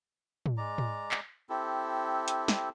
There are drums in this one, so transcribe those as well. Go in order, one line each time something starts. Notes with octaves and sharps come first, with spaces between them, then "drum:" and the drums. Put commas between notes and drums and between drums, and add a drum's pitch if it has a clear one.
drum: tom
G#3 D5 A#5
drum: tom
drum: clap
C4 E4 G4 A4
drum: hi-hat
drum: snare